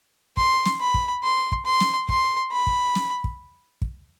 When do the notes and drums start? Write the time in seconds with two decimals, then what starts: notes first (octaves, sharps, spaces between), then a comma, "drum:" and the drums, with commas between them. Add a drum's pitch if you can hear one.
0.37 C6, drum: kick
0.66 drum: snare
0.80 B5
0.94 drum: kick
1.23 C6
1.52 drum: kick
1.66 C6
1.80 drum: snare
2.09 C6, drum: kick
2.52 B5
2.67 drum: kick
2.95 drum: snare
3.24 drum: kick
3.82 drum: kick